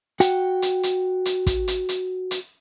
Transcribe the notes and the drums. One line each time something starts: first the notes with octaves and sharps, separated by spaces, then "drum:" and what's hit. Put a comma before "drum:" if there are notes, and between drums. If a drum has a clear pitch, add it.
F#4 F#5 G5, drum: hi-hat
drum: hi-hat
drum: hi-hat
drum: hi-hat
drum: kick, hi-hat
drum: hi-hat
drum: hi-hat
drum: hi-hat